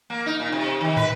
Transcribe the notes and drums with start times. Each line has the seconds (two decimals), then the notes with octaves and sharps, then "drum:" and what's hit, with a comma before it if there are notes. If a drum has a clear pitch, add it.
0.10 A#3
0.26 D#4
0.40 A#2
0.52 C3
0.81 D#3
0.97 B4, drum: tom